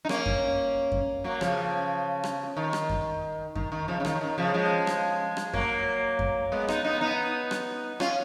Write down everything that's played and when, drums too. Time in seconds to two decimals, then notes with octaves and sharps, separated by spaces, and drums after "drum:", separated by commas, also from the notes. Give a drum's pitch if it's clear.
0.05 D#4
0.09 A#3 C#4, drum: rim click
0.26 drum: kick F#2
0.92 drum: kick F#2
1.24 F#3 A#3
1.41 C#3 F3, drum: rim click
2.24 drum: rim click
2.57 D#3
2.73 drum: rim click
2.89 drum: kick F#2
3.55 D#3, drum: kick F#2
3.72 D#3
3.88 C#3 F3
4.00 C#3
4.05 D#3, drum: rim click
4.21 D#3
4.38 C#3 F3
4.54 F3 G#3
4.87 drum: rim click
5.37 drum: rim click
5.53 F#3 A#3, drum: kick F#2
6.19 drum: kick F#2
6.52 G#3 B3
6.68 B3 D#4, drum: rim click
6.84 B3 D#4
7.01 B3 D#4
7.51 drum: rim click
8.00 C#4 F4, drum: rim click